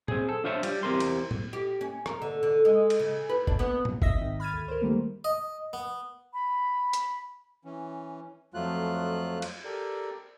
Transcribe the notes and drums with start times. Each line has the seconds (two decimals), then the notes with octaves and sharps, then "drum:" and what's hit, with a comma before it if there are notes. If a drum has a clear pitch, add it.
0.08 C4 G#4, drum: tom A#2
0.29 A4
0.44 D4 F4 C5 C#5 E5
0.63 G3, drum: cymbal
0.83 E2 C4 G4 A#4 C6
1.00 drum: cymbal
1.31 drum: tom A#2
1.53 G4
1.81 C#4
2.06 A#4, drum: rim click
2.22 D3
2.43 D3
2.65 G#3
2.90 drum: cymbal
2.99 C#3
3.29 B4
3.47 D4, drum: kick
3.59 B3
3.85 drum: tom A#2
4.02 D#5 E5 E6 A#6 B6, drum: kick
4.17 G#1 D#3
4.40 B5 F6 G#6 A6 D#7
4.53 D2
4.68 A#4 C5
4.81 D#3 G3 A3 A#3
5.24 D#5
5.73 B3
6.34 B5
6.93 drum: hi-hat
7.65 E3 C#4
8.54 F2 F3 F#3 A3 F4 F#6
9.42 drum: cymbal
9.64 G4 A4 A#4 D5